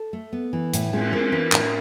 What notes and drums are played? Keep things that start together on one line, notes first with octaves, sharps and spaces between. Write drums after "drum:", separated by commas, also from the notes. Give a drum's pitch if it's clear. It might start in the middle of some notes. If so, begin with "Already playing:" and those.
Already playing: A4
A3
B3
E3
A2, drum: hi-hat
G#3, drum: cymbal
C4 A#4
E3
A2, drum: clap